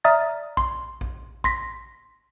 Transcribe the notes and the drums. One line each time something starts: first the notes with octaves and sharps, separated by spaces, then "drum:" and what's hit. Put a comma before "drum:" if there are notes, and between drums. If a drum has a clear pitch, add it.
D5 E5 A#5 D#6 F6 A6
C6, drum: kick A#1
drum: kick A#1
C6 A#6 B6, drum: kick A#1